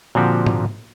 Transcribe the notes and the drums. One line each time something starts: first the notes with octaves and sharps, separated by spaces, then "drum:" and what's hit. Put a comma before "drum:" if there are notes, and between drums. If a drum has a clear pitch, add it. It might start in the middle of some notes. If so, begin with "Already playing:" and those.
A#2 D3 F3 C4 F#4 G4
drum: tom G#2